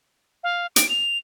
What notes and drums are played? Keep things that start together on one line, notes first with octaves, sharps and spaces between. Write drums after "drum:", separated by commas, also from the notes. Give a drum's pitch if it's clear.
F5
D7, drum: hi-hat
F7